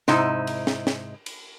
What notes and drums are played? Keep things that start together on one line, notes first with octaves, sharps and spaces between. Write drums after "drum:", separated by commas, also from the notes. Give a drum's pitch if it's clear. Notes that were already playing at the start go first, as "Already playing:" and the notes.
G#2 C3 D#4 E4, drum: snare
drum: cymbal
drum: snare
drum: snare
drum: cymbal